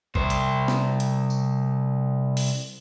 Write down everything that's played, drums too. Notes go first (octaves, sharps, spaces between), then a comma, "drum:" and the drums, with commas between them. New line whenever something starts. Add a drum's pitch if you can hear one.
C2 C5, drum: kick A#1
drum: hi-hat
drum: snare
drum: hi-hat
drum: tambourine
drum: open hi-hat